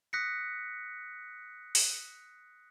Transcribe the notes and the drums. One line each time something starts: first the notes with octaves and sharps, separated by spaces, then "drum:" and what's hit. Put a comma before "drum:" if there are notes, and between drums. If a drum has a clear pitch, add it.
D#6 F#6 A#6 B6 C#7
drum: open hi-hat